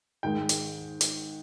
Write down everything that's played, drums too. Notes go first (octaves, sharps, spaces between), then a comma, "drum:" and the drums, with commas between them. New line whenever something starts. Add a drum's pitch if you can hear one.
G#2 D#3 G#3 G5
drum: hi-hat
drum: hi-hat